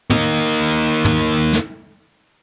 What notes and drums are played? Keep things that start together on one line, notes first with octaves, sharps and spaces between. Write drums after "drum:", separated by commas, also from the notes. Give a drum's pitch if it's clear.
A#3 D#4, drum: tom
drum: tom
drum: snare